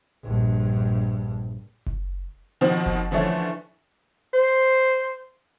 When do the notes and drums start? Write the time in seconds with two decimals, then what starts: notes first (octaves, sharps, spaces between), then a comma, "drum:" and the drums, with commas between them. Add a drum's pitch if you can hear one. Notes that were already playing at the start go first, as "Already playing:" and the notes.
0.24 A#1 G2
1.86 drum: kick F#1
2.61 B2 D#3 F3 C4
2.86 drum: kick F#1
3.11 D3 E3 F3 A3 C#4
4.33 C5